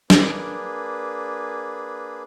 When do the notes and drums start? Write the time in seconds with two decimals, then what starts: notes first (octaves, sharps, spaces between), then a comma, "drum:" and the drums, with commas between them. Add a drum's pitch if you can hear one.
0.10 A#3 D4 G#4 B4, drum: snare